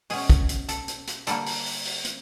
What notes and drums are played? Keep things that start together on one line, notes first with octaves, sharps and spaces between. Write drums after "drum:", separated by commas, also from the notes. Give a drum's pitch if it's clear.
B2 G#3 C#4 G#4, drum: open hi-hat
drum: kick, hi-hat
drum: hi-hat
A4, drum: hi-hat
drum: hi-hat
drum: hi-hat
D3 G3 A#3 A4, drum: hi-hat
drum: open hi-hat
drum: open hi-hat
drum: open hi-hat
drum: hi-hat